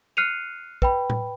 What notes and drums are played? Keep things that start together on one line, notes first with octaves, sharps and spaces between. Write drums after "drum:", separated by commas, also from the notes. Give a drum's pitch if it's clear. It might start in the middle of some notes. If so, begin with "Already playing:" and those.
F6 F#6 C7 C#7 D#7 F7
B4 G5 B5, drum: kick
drum: tom A2